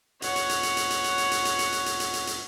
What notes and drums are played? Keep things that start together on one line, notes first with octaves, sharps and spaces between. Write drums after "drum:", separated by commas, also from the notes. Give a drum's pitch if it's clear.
C#5 F#5, drum: hi-hat
drum: hi-hat
drum: hi-hat
drum: hi-hat
drum: hi-hat
drum: hi-hat
drum: hi-hat
drum: hi-hat
drum: hi-hat
drum: hi-hat
drum: hi-hat
drum: hi-hat
drum: hi-hat
drum: hi-hat
drum: hi-hat
drum: hi-hat